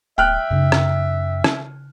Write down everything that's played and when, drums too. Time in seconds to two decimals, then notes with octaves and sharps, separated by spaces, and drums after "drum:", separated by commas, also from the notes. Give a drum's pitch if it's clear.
0.18 D1 E5 G5 F6 F#6
0.51 F#2 C#3 D#4
0.72 drum: rim click
1.44 drum: rim click